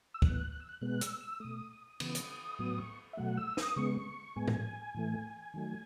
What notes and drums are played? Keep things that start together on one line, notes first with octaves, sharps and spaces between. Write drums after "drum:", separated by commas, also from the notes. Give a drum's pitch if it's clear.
E6
A2 E3 B3 F#6, drum: kick
F#6
E6
F#6
B2 G#3 B3 F#6
E6, drum: hi-hat
E6
B2 A3 D#6
C#3 E3 B3, drum: cymbal
drum: hi-hat
A2 F#3 B3 D#6
C#6
E5
B2 F#3 A3 F#5
E6
D#6, drum: snare
C#3 G#3 B3 C#6
A2 G#3 B3 G#5
drum: tom A2
A2 E3 A3
D#3 F#3 A3